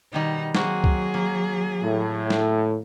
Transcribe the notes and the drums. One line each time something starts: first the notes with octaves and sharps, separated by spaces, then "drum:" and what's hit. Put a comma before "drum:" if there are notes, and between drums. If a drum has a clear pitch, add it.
B2 D#3 G3 D#4
F#3 A#3 C4 F#4 G#4, drum: snare
drum: kick
A#3
A2
drum: snare